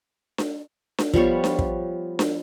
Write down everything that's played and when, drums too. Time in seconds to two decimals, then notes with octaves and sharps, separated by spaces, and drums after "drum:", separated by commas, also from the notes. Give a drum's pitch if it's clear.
0.38 drum: snare D4
0.98 drum: snare D4
1.14 F3 G3 B3 C#5, drum: kick
1.44 drum: snare D4
1.59 drum: kick
2.19 drum: snare D4